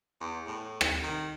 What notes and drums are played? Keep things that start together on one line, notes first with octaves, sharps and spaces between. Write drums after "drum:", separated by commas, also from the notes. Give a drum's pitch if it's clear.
E2
A2
drum: rim click
D#3